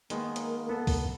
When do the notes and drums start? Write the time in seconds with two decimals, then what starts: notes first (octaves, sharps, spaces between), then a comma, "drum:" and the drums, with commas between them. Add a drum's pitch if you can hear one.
0.10 D#3 G#3 A#3 B3, drum: hi-hat
0.36 drum: hi-hat
0.69 B3 A4
0.87 drum: kick, open hi-hat